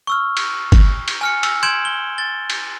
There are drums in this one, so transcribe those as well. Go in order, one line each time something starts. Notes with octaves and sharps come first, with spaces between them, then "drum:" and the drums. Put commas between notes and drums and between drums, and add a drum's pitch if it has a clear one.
C#6 E6 F6
drum: cymbal
drum: kick G1, cymbal
drum: cymbal
G#5 F6 C#7
E6, drum: cymbal
C6 G6 G#6 D7 E7 F#7
G7
A6 G7
drum: cymbal